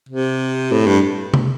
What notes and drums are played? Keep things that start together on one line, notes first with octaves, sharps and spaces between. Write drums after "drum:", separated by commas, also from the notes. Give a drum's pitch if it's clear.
C3
A2
G2
drum: tom C3